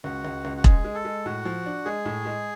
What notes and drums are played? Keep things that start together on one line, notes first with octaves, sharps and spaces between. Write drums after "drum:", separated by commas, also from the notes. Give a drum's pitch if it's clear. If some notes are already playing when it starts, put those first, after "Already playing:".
C#2 F#4
C#2
C#2
F#4
G#3 G#4, drum: kick E1
G#3
A4
G#3
A2 F#4
F3
D4
G#3 G#4
A2
G#3